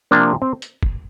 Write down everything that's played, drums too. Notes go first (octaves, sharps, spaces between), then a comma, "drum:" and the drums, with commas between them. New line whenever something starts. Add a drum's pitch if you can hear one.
C3 F3 A#3 D4
C4
drum: hi-hat
drum: kick